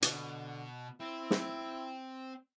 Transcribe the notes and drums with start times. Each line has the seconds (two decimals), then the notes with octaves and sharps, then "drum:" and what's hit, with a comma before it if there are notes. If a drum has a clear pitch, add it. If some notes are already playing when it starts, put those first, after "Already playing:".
0.02 B2 D3, drum: hi-hat
1.00 C4 E4
1.31 drum: snare